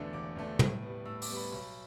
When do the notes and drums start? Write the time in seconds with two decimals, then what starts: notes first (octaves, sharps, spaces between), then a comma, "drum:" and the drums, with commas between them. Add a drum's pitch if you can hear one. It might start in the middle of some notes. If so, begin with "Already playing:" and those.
Already playing: E1 E2 D3 A3 D4
0.13 E1 D6
0.36 E2 D3 A3 D4
0.59 A2, drum: tom
0.82 G3 B3
1.06 A2 E6
1.22 D6, drum: open hi-hat
1.29 G3 B3
1.37 B5
1.52 B1 B5